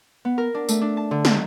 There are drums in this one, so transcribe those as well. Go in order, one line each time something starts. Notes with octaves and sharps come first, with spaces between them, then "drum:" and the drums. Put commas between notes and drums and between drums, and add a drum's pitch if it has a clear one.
B3
A#4
D4
A3, drum: tambourine
D4
A5
D3
D#3, drum: snare